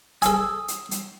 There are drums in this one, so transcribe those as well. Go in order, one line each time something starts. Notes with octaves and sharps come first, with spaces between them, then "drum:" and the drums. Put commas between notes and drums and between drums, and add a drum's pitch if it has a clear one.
A4 G#5 D#6 E6, drum: hi-hat
drum: hi-hat
drum: hi-hat